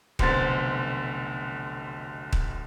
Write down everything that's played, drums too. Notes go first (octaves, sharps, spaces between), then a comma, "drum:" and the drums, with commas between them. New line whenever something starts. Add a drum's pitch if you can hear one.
F1 B1 D3 C5 A6, drum: kick D#1
drum: kick D#1